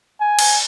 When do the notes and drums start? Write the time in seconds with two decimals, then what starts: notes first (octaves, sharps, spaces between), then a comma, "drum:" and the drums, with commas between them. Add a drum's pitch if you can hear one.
0.21 G#5
0.39 drum: cymbal